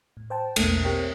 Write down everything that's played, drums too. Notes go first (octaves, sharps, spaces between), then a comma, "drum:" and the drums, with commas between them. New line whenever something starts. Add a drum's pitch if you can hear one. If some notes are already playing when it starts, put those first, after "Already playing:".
A2
C5 G5 A5
A#1 E2 B2 A3 A#3 D4, drum: cymbal
C4 G4 A#4 C#5 G5